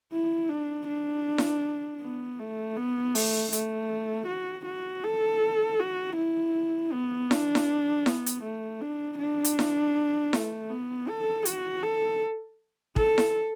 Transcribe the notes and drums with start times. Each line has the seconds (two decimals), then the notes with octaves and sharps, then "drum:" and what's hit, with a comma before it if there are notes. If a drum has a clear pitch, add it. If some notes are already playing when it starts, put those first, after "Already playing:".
0.13 E4
0.50 D4
0.88 D4
1.38 drum: snare E4
2.01 B3
2.40 A3
2.76 B3
3.15 A3, drum: open hi-hat
3.52 A3, drum: hi-hat
4.27 F#4
4.66 F#4
5.04 A4
5.80 F#4
6.16 E4
6.92 B3
7.31 D4, drum: snare E4
7.55 drum: snare E4
8.06 B3, drum: snare E4
8.26 drum: hi-hat
8.44 A3
8.81 D4
9.19 D4
9.44 drum: hi-hat
9.59 drum: snare E4
10.33 A3, drum: snare E4
10.70 B3
11.08 A4
11.45 F#4, drum: hi-hat
11.83 A4
12.96 A4, drum: kick
13.18 drum: snare E4